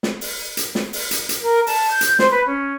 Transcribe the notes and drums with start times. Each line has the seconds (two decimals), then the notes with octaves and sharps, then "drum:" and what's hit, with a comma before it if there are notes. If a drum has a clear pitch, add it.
0.03 drum: snare
0.21 drum: open hi-hat
0.57 drum: hi-hat
0.75 drum: snare
0.93 drum: open hi-hat
1.11 drum: hi-hat
1.29 drum: hi-hat
1.42 A#4
1.67 A5, drum: open hi-hat
1.91 G6
2.01 drum: hi-hat
2.19 C5, drum: snare
2.31 B4
2.46 C#4